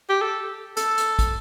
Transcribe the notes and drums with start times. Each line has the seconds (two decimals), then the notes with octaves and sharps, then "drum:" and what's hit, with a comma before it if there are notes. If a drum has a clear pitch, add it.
0.09 G4
0.21 A4
0.77 A4, drum: hi-hat
0.98 drum: hi-hat
1.19 drum: kick, hi-hat